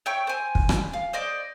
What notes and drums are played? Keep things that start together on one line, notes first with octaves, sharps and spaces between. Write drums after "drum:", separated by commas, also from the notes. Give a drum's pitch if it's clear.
C#5 E5 G5 C#6
C5 G#5
drum: kick
drum: rim click
F5
C5 D5 D#5